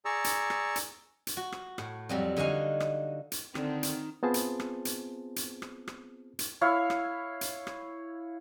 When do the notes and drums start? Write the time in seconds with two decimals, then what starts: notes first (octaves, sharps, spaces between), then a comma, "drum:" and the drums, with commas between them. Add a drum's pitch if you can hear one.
0.05 G#4 D5 A#5 C#6 E6
0.24 drum: hi-hat
0.50 drum: rim click
0.76 drum: hi-hat
1.27 drum: hi-hat
1.37 F#4
1.52 drum: rim click
1.78 A2, drum: rim click
2.09 F2 F#3 G3
2.36 D3 D#4 F#4 F5 G#5
2.80 drum: rim click
3.32 drum: hi-hat
3.55 D3 D#3 C4, drum: rim click
3.83 drum: hi-hat
4.23 B3 C4 F4 G#4 C5 A5
4.34 drum: hi-hat
4.60 drum: rim click
4.85 drum: hi-hat
5.36 drum: hi-hat
5.62 drum: rim click
5.88 drum: rim click
6.39 drum: hi-hat
6.61 E4 C#5 F5
6.90 drum: rim click
7.41 drum: hi-hat
7.67 drum: rim click